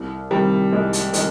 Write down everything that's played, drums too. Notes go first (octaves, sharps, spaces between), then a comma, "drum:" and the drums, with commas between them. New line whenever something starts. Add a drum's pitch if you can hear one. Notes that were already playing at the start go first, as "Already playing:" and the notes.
Already playing: C2
C3 D#3 G3
C2 G#3
drum: hi-hat
C3 D#3 G#3, drum: hi-hat